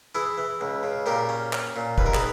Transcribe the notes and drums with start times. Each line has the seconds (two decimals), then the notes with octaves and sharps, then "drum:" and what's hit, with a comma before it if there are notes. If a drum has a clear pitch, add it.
0.15 E3 E4 G#4
0.38 E3
0.61 C#2
0.83 C#3
1.06 A#2 G4 A#4
1.29 C#4
1.53 C#4, drum: clap
1.76 A#2
1.98 D#2 B4, drum: kick
2.06 A#4
2.14 G#4 B4, drum: clap